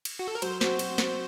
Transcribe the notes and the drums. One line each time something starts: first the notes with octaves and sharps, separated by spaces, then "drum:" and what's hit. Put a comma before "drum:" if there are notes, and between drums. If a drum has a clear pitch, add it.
drum: cymbal
F#4
A4
A#4
F#3 C5, drum: cymbal
C4 F#4 C5, drum: snare
F#3, drum: cymbal
C4 F#4, drum: snare